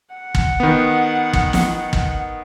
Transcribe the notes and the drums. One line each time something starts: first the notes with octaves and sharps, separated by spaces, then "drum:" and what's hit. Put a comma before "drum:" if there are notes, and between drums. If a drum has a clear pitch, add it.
F#5
drum: kick
D#3 B3
drum: kick
drum: snare
drum: kick